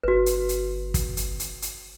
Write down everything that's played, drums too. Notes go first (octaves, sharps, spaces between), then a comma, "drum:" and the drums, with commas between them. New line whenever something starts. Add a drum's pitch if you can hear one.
G1 F#4 B4
drum: hi-hat
drum: hi-hat
drum: kick, hi-hat
drum: hi-hat
drum: hi-hat
drum: hi-hat